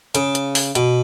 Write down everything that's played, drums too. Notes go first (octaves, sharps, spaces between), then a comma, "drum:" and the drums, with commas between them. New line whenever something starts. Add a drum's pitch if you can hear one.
C#3, drum: hi-hat
drum: hi-hat
drum: open hi-hat
B2, drum: hi-hat